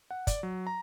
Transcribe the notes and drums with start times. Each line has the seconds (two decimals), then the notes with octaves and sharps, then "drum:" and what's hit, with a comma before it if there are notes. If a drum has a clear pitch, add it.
0.11 F#5
0.27 D5, drum: kick, hi-hat
0.43 F#3
0.67 A#5